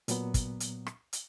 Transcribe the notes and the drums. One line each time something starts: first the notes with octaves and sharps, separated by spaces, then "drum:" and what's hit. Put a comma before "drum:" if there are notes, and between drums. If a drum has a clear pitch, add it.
A#2 F#3 B3, drum: hi-hat
drum: kick, hi-hat
drum: hi-hat
drum: rim click
drum: hi-hat